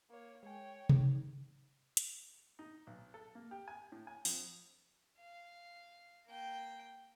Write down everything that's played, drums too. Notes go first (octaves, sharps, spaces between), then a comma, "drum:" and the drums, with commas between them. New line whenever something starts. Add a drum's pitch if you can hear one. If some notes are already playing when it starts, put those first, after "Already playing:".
A#3 C#5
G#3 C#5 G5 G#5
A2 C3 D#4, drum: tom C3
drum: hi-hat
D#4
B1
A4
A#3
G4
G#5
A2
G#5
F2, drum: open hi-hat
F5
A#3 G5